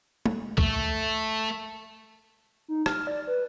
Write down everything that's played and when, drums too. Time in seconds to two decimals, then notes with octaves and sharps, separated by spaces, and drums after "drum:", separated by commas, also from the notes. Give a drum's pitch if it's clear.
0.26 drum: tom
0.58 A3, drum: kick B1
2.68 D#4
2.86 F6, drum: rim click
3.07 D5
3.27 B4